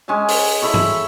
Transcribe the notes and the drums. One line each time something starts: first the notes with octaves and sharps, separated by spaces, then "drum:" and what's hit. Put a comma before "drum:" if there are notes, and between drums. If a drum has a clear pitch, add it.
G#3 C#4 G#5 A5
drum: open hi-hat
E4 A4 B5 C#6
drum: tom G2